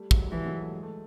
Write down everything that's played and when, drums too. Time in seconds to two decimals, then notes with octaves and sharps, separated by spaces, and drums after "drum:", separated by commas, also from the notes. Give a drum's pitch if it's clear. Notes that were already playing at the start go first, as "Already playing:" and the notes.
Already playing: G3 A3
0.11 F#3 G#3, drum: kick
0.32 E3 F3 G3
0.45 F#3 G#3
0.60 G3 A3
0.73 G#3
0.83 A3